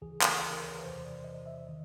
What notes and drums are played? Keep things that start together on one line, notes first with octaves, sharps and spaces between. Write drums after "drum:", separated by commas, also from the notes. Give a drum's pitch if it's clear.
D2 C#3 E3 G#4
A4, drum: clap
A#4
C#5
B4
E2 C3 E3 C5
D5
D#5
E5
D#3 D#5